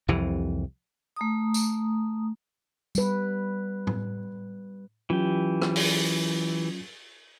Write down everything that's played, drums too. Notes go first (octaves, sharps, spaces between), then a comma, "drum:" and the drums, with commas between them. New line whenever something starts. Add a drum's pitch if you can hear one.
C2 F2 C3 E3
A3 A#5 D#6
drum: tambourine
G3 B4, drum: tambourine
drum: tom
E3 F#3 C#4 F4 G4
drum: rim click
drum: open hi-hat